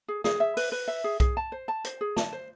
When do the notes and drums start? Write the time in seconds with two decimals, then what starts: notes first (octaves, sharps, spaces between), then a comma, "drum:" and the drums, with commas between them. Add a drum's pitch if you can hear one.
0.08 G#4
0.24 G#4, drum: snare
0.40 E5
0.57 B4, drum: open hi-hat
0.72 B4
0.88 E5
1.04 G#4
1.20 G#4, drum: kick B1, hi-hat
1.37 A5
1.52 C5
1.68 A5
1.84 C5, drum: hi-hat
2.01 G#4
2.17 A5, drum: snare
2.33 C5